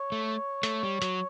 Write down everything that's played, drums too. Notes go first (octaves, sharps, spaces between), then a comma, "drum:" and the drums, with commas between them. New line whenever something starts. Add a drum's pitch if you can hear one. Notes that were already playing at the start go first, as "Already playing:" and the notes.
Already playing: C#5
A3
A3, drum: hi-hat
G3
F#3, drum: hi-hat